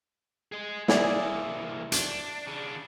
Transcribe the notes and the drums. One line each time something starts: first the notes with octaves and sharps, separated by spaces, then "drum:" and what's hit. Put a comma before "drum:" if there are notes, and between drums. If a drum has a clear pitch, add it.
G#4 D#5
C2 A#3 E4 G#4 D5, drum: snare
D4, drum: hi-hat
C#3 D4